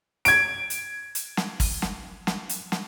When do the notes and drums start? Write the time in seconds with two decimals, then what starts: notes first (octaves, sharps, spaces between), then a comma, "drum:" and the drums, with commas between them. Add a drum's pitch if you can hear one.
0.25 G#6 D7, drum: hi-hat
0.70 drum: hi-hat
1.15 drum: hi-hat
1.37 drum: snare
1.60 drum: kick, open hi-hat
1.82 drum: snare
2.27 drum: snare
2.49 drum: hi-hat
2.72 drum: snare